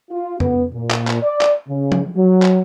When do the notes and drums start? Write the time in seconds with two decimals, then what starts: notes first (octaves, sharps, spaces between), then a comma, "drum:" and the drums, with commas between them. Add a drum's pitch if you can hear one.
0.11 F4
0.40 B3, drum: tom
0.74 A#2
0.91 drum: clap
1.07 drum: clap
1.22 D5
1.41 drum: clap
1.69 C#3
1.92 drum: tom F3
2.17 F#3
2.42 drum: clap